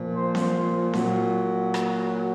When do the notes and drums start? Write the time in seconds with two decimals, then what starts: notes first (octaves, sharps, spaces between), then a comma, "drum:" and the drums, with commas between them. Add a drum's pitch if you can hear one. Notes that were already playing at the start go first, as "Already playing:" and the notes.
Already playing: A#2 F3
0.15 C5
0.35 drum: snare C4
0.93 A#2 F#3, drum: snare C4
1.74 drum: rim click